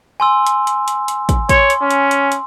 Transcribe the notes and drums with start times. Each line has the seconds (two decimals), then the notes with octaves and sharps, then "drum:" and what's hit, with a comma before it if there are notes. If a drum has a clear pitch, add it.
0.20 G#5 C6 E6
0.47 drum: hi-hat
0.67 drum: hi-hat
0.88 drum: hi-hat
1.08 drum: hi-hat
1.29 drum: kick, hi-hat
1.49 C#5 C6, drum: kick, hi-hat
1.70 drum: hi-hat
1.81 C#4
1.91 drum: hi-hat
2.11 drum: hi-hat
2.32 drum: hi-hat